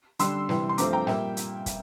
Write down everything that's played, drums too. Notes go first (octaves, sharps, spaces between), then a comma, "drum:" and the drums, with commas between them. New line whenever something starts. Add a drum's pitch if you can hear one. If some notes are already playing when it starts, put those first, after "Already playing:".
D3 G3 D4 C6 E6, drum: hi-hat
C3 E3 G3, drum: snare
C6
G2 F3 A3 C4 A#5 D6, drum: hi-hat
G5 A#5
A#2 G3 A#3 E5 G5, drum: snare
drum: hi-hat
drum: kick, hi-hat